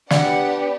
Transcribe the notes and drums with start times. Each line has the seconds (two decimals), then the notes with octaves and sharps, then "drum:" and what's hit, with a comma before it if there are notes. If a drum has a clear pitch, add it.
0.10 B3 D4 G4 D5 F#5, drum: snare